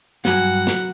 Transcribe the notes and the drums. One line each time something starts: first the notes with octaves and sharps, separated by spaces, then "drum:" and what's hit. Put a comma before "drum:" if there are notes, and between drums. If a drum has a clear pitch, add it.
G2 F#3 F#4 B4 F#5 G#5, drum: snare
drum: snare